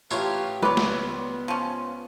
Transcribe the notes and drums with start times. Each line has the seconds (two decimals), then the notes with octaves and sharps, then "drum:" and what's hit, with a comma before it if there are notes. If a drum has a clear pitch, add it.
0.10 A1 F4 G4 C#5, drum: tambourine
0.62 C#2 B3 B4 C#5 D5
0.77 drum: snare
1.48 F3 C#4